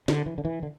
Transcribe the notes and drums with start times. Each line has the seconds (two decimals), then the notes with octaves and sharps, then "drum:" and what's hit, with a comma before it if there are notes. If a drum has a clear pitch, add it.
0.08 D3, drum: snare
0.26 E3
0.38 D3
0.45 E3
0.63 D3